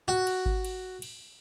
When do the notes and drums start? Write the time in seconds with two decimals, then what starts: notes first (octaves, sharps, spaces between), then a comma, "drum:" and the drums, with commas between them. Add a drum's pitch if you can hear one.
0.08 F#4
0.27 drum: cymbal
0.46 drum: kick G#1
0.65 drum: cymbal
1.02 drum: cymbal